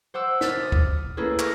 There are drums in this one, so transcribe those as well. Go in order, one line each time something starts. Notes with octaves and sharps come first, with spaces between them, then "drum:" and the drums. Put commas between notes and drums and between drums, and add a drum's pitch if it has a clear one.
C5 F#5 D6 E6
F6 A6 B6, drum: snare
D#6
drum: kick
A3 A#3 C#4 E4 G#4 B4
C#6 D6 F6 A#6, drum: clap